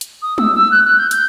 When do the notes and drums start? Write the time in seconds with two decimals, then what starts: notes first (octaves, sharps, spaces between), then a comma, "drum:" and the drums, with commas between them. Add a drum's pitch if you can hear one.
0.01 drum: hi-hat
0.22 D#6
0.38 E6, drum: tom G3
0.55 E6
0.71 F#6
0.85 F#6
0.98 G6
1.11 G6, drum: hi-hat